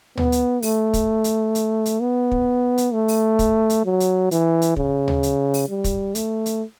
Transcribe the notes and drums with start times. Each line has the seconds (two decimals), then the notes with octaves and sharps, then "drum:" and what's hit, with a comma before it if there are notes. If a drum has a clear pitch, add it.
0.17 B3, drum: tom D2
0.32 drum: hi-hat
0.62 A3, drum: open hi-hat
0.93 drum: kick, hi-hat
1.24 drum: hi-hat
1.55 drum: hi-hat
1.86 drum: hi-hat
2.00 B3
2.32 drum: kick
2.78 drum: hi-hat
2.93 A3
3.08 drum: open hi-hat
3.39 drum: kick, hi-hat
3.70 drum: hi-hat
3.85 F#3
4.00 drum: hi-hat
4.31 E3, drum: hi-hat
4.62 drum: hi-hat
4.76 C#3, drum: kick
5.08 drum: tom D2
5.23 drum: hi-hat
5.54 drum: open hi-hat
5.69 G3
5.84 drum: kick, hi-hat
6.15 A3, drum: hi-hat
6.46 drum: hi-hat